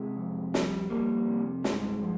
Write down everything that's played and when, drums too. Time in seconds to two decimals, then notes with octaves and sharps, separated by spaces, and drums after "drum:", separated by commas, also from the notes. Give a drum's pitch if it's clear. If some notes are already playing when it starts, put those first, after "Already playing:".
Already playing: C3 G#3
0.16 F2
0.54 G3, drum: snare
0.90 F2 G3 A#3
1.27 C3
1.64 G2 G#3, drum: snare
2.02 F3